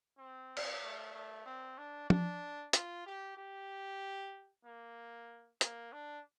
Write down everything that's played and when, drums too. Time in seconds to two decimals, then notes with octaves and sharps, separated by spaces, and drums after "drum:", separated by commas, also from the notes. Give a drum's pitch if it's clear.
0.18 C4
0.57 drum: cymbal
0.83 A3
1.13 A3
1.46 C4
1.78 D4
2.10 D4, drum: tom
2.73 F4, drum: hi-hat
3.06 G4
3.37 G4
4.65 A#3
5.61 A#3, drum: hi-hat
5.93 D4